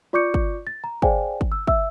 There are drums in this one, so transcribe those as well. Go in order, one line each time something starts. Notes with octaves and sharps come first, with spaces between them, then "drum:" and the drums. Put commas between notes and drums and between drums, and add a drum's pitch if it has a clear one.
F4 D5 C#6 D6 G6 C#7
drum: kick
A6
A#5
G#4 C5 D5 F5 G5 G#5, drum: kick
drum: kick
E6
E5 E6, drum: kick